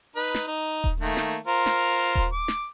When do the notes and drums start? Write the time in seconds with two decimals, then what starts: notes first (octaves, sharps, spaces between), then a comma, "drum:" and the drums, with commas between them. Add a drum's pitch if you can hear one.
0.16 D#4 B4
0.35 drum: snare
0.48 D#4
0.84 drum: kick D#1
1.00 D#3 A3 A#3
1.17 drum: snare
1.47 F4 A#4 C5
1.66 drum: snare
2.15 drum: kick D#1
2.33 D6
2.48 drum: snare